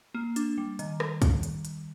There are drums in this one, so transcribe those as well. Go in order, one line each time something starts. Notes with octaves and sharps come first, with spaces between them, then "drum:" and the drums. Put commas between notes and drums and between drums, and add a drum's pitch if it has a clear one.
A#3
D4, drum: hi-hat
G3
D#3, drum: hi-hat
drum: rim click
drum: kick, hi-hat
drum: hi-hat
drum: hi-hat